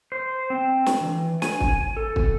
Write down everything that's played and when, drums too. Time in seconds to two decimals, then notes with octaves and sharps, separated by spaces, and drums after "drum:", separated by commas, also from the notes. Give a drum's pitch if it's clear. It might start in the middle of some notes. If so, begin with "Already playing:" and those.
0.12 C5
0.50 C4
0.86 drum: snare
1.01 E3
1.42 G#5, drum: snare
1.60 drum: kick
1.97 A4
2.16 drum: kick